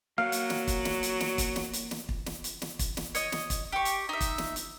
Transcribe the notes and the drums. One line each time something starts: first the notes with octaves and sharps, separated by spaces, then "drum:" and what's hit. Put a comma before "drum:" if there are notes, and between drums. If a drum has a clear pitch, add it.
F#3 A#3 F5 F#5
drum: hi-hat
drum: snare
drum: kick, hi-hat
drum: snare
drum: hi-hat
drum: snare
drum: kick, hi-hat
drum: snare
drum: hi-hat
drum: snare
drum: kick
drum: snare
drum: hi-hat
drum: snare
drum: kick, hi-hat
drum: snare
C#5 D#5, drum: hi-hat
drum: snare
drum: kick, hi-hat
G4 C#6
drum: hi-hat
D#4 E5
drum: kick, hi-hat
drum: snare
drum: hi-hat